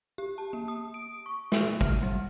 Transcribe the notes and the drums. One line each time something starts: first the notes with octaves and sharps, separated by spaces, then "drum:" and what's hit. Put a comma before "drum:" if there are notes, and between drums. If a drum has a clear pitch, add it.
G4
A5
A#3
D#6
D7
C#6
E5, drum: snare
F6, drum: kick
G3